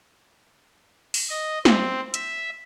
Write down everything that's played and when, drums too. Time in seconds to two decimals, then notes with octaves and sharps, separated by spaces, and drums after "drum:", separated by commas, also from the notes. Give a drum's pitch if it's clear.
1.14 drum: open hi-hat
1.29 D#5
1.65 C4, drum: snare G#3
2.14 E5, drum: hi-hat